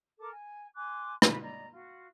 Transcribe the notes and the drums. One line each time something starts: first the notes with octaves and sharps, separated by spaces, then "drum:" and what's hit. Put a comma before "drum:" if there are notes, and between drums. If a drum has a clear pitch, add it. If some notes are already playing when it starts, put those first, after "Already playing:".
A4 A#4 D6
G#5
G#5 C6 D6 F#6
G#4 B4 B5, drum: rim click
D5 D#5 A#5
F4 F#4